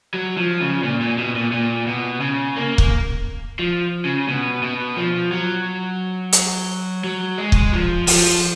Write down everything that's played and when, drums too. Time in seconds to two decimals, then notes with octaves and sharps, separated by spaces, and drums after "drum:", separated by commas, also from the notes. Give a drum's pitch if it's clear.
0.14 F#3
0.37 F3
0.60 C#3
0.83 A#2
1.00 A#2
1.18 B2
1.35 A#2
1.52 A#2
1.87 B2
2.20 C#3
2.56 A#3
2.78 drum: kick
3.59 F3
4.05 C#3
4.28 B2
4.62 B2
4.97 F3
5.32 F#3
6.32 drum: hi-hat
7.04 F#3
7.38 G#3
7.52 drum: kick
7.72 F3
8.07 F3, drum: open hi-hat